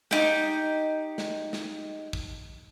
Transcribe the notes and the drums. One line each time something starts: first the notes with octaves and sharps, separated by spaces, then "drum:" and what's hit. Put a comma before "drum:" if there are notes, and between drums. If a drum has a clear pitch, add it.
D#4 G4, drum: snare
drum: snare
drum: snare
drum: kick